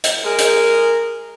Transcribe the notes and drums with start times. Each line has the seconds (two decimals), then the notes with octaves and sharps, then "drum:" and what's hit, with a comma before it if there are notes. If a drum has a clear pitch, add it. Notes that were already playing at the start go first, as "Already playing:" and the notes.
0.04 drum: hi-hat
0.24 G#3 G#4 A#4
0.38 drum: hi-hat